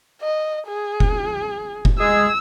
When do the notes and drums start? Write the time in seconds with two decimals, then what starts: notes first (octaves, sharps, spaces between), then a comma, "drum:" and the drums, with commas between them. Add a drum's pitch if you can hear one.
0.22 D#5
0.68 G#4
1.00 drum: kick F1
1.85 drum: kick F1
1.99 G#3 G#4 E6